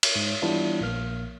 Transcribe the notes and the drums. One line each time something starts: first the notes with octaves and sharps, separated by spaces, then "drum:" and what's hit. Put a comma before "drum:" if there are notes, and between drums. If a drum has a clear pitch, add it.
drum: cymbal
G#2
E3 G3 B3 D4 E4 F4
A#1 A#3 F6